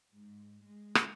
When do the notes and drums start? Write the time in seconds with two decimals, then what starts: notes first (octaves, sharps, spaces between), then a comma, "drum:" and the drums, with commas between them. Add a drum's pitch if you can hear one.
0.12 G#2
0.64 G#3
0.95 drum: rim click